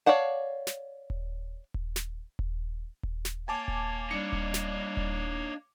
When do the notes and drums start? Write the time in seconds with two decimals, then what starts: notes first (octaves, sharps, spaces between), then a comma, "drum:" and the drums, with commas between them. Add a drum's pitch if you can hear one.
0.06 C#5 D5 F5 F#5 A5
0.67 drum: snare
1.10 drum: kick D#1
1.74 drum: kick D#1
1.96 drum: snare
2.39 drum: kick D#1
3.03 drum: kick D#1
3.25 drum: snare
3.48 A#3 C#5 G#5 A5 D6
3.68 drum: kick D#1
4.11 G3 D4 D#4 C#7
4.32 drum: kick D#1
4.54 drum: snare
4.97 drum: kick D#1